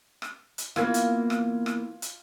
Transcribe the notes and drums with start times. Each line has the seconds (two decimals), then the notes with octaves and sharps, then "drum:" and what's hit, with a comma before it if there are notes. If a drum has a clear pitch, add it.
0.22 drum: rim click
0.58 drum: hi-hat
0.76 E3 A#3 B3 F4 G#6, drum: rim click
0.94 drum: hi-hat
1.30 drum: rim click
1.66 drum: rim click
2.02 drum: hi-hat